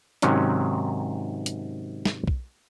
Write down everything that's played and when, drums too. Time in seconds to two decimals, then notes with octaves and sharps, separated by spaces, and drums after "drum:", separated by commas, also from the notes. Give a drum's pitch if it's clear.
0.22 G#2 C3 D#3 F#3 C#4, drum: hi-hat
1.46 drum: hi-hat
2.05 drum: snare
2.27 drum: kick B1